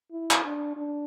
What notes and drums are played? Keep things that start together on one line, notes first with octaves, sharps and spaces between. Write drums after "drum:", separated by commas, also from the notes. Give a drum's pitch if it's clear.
E4
drum: clap
D4
D4